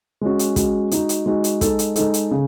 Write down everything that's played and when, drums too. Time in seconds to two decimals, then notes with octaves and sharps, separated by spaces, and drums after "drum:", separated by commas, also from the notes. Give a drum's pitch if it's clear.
0.21 G#3 C#4 F#4
0.39 drum: hi-hat
0.56 G#3 C#4 F#4, drum: kick, hi-hat
0.91 G#3 D#4 F#4, drum: hi-hat
1.09 drum: hi-hat
1.26 G#3 D#4 F#4
1.44 drum: hi-hat
1.61 G#3 D#4 A4, drum: kick, hi-hat
1.79 drum: hi-hat
1.96 G#3 D#4 A4, drum: hi-hat
2.14 drum: hi-hat
2.31 C#3